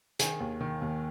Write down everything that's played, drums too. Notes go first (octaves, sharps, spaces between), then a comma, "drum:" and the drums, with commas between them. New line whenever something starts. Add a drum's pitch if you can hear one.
D#3 G#4, drum: hi-hat
D#2
D#3
D#2